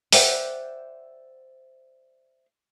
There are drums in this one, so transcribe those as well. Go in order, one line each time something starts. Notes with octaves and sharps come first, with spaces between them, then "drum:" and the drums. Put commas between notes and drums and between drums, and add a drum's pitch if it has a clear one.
C5 D5 E5 F#5 G5, drum: open hi-hat